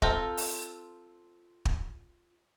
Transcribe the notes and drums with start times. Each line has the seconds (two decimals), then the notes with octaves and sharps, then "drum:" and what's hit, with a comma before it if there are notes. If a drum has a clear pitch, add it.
0.02 C4 F4 A4 A#5, drum: kick
0.37 drum: open hi-hat
1.65 drum: kick